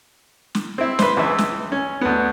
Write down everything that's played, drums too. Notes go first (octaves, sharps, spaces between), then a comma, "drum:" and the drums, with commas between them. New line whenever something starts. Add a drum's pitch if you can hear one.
drum: snare
C4 E4
B4 C5, drum: snare
C#2 E3 E5
drum: snare
C#4
D2 B3